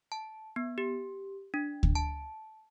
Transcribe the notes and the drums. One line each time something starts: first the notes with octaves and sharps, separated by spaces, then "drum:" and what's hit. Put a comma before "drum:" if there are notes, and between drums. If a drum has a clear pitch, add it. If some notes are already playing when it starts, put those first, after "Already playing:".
A5
B3
G4
D4
drum: kick D2
A5